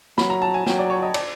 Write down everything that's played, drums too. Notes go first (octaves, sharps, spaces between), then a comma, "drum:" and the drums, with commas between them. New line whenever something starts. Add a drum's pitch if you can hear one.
F#3 B5, drum: snare
A#5
A5
G#5
F#3 G5, drum: snare
D5
C#5
D#5
D5, drum: cymbal